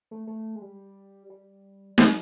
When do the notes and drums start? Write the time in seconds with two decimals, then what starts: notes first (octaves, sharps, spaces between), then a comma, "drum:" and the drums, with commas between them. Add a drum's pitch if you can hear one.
0.11 A3
0.27 A3
0.56 G#3
0.62 G3
1.30 G3
1.98 F#3, drum: snare